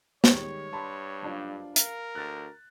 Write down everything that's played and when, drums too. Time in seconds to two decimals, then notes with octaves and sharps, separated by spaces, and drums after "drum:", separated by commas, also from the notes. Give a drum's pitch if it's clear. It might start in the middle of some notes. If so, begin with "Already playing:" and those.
0.24 D#3 G3 G#3 C#5, drum: snare
0.73 G2 A5 B5 C6
1.22 F#1 D4 F4
1.76 A#4 F5, drum: hi-hat
2.15 D2 F#6 A6